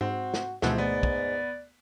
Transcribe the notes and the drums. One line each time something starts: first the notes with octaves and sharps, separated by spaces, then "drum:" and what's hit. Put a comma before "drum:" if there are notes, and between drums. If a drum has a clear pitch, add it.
G#2 C4 F#4
drum: snare
D2 G#2 B2 E3 F3 A3 C4 F#5, drum: snare
B3 D5
drum: kick